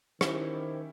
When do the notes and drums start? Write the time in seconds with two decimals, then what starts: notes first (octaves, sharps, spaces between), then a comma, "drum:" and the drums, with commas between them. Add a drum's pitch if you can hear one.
0.21 D#3 C#4 E4 G4 C5, drum: rim click